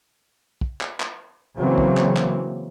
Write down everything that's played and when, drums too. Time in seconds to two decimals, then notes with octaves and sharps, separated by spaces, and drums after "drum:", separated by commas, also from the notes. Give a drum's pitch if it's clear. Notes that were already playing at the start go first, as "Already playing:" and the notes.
0.61 drum: kick
0.81 drum: clap
1.00 drum: clap
1.58 C#3 E3 F#3 A#3 C4
1.78 drum: kick
1.97 drum: clap
2.17 drum: clap